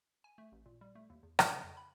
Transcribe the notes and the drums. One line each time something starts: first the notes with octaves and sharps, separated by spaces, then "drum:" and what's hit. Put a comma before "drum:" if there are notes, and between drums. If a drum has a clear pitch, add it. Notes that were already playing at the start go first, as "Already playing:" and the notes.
G#5
A3
A1
A#2
G3
A3
D#2
E2
D4, drum: rim click
C#3
F2
B5